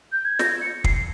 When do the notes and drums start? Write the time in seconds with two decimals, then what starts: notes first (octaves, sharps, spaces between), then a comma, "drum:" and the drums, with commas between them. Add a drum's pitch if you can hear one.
0.12 G6
0.25 G#6
0.39 A#6, drum: snare
0.62 C#7
0.84 C7, drum: kick